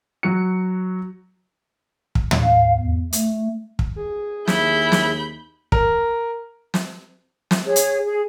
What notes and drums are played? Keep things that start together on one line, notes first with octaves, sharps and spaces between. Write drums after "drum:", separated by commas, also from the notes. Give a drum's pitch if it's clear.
F#3 F#4 C#7
drum: kick
drum: tom
F5
E2
A3, drum: hi-hat
drum: kick
G#4
D#2 E4 B5 G6, drum: snare
drum: snare
A#4, drum: kick
drum: snare
drum: snare
G#4 C#5
drum: hi-hat
G#4